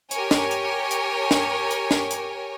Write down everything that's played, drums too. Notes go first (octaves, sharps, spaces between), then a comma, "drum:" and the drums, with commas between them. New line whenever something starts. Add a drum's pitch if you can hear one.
G4 A#4 C#5 G#5, drum: hi-hat
drum: snare
drum: hi-hat
drum: hi-hat
drum: snare
drum: hi-hat
drum: snare
drum: hi-hat